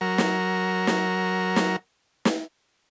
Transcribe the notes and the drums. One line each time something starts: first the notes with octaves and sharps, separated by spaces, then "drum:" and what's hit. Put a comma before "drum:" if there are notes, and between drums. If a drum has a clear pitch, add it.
F#3 A#4
drum: snare
drum: snare
drum: snare
drum: snare